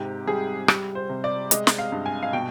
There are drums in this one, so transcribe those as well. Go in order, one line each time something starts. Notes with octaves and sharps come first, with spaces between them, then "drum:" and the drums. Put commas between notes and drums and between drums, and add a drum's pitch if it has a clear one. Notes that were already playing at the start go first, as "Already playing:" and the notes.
Already playing: G#2 C3 G4
G3 G#4
G3, drum: rim click
C5
C3
D5
G#3 D#5, drum: hi-hat
drum: snare
F5
G2
G#5
F5
B2 G5